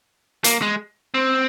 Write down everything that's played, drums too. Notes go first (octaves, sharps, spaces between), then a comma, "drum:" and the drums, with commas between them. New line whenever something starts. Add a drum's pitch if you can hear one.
A#3, drum: hi-hat
G#3
C4